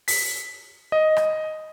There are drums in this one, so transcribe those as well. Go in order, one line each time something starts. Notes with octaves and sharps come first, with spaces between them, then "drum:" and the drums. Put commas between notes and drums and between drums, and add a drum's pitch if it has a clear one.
B6, drum: open hi-hat
D#5
drum: rim click